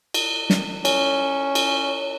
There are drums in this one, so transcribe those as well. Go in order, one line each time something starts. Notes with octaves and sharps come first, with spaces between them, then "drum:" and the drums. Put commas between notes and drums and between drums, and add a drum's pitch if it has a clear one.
drum: cymbal
drum: snare
C#4, drum: cymbal
drum: cymbal